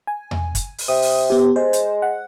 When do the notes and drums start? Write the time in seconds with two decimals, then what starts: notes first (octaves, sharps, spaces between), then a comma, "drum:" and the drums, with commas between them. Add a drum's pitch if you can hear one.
0.07 G#5
0.31 drum: tom E2
0.55 drum: kick, hi-hat
0.78 drum: open hi-hat
0.88 C3 D#6
1.02 drum: open hi-hat
1.30 B3 G4
1.56 G#3 C5
1.73 drum: hi-hat
2.02 F#5